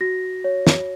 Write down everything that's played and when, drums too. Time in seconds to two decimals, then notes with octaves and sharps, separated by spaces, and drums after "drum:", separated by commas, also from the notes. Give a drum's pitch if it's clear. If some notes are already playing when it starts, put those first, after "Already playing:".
0.01 F#4 A#6
0.44 C#5
0.67 drum: snare